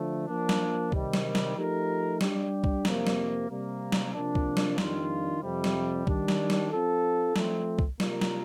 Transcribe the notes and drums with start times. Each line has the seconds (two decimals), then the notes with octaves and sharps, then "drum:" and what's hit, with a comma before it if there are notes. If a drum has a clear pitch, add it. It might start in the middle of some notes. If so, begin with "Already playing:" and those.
Already playing: D3 F3 A3
0.27 F3 A#3 D4
0.49 drum: snare
0.92 C3 D#3 G3, drum: kick
1.13 drum: snare
1.35 drum: snare
1.56 F3 A3 D#4 G4 A#4
2.21 G3 D4 G4, drum: snare
2.64 drum: kick
2.85 F2 C3 F3 A#3, drum: snare
3.07 drum: snare
3.50 C3 G3 A#3
3.92 drum: snare
4.14 C3 F3 A#3 D4
4.35 drum: kick
4.57 drum: snare
4.78 F2 D#3 G3 D4 F4, drum: snare
5.42 F2 C3 G3
5.64 drum: snare
6.07 D#3 G3 D4, drum: kick
6.28 drum: snare
6.50 drum: snare
6.71 F3 C4 F4 A4
7.36 F3 A3 C4, drum: snare
7.79 drum: kick
8.00 C3 G3 A#3 F4 A#4, drum: snare
8.21 drum: snare